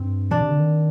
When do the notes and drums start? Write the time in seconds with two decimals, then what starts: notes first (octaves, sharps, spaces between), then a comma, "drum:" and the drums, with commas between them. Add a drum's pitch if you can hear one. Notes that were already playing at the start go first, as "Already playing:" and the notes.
Already playing: G2 C4
0.31 B2 D4, drum: tom D#3
0.41 C3
0.50 D3
0.59 D#3